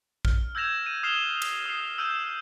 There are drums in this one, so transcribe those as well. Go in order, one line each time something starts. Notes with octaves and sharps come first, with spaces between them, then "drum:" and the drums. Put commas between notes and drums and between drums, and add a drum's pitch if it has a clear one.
F6, drum: kick A#1
E6 G6 G#6 A#6 E7 F7
D#7
D#6 F6 C7 E7 F7 G7
drum: cymbal
D#6 F6 C7
E6 F6 G6 D#7 E7